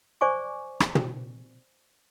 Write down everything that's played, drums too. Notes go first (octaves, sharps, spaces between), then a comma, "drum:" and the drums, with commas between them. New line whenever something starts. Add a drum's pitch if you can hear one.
C5 D5 G#5 C#6 D6
drum: rim click
drum: tom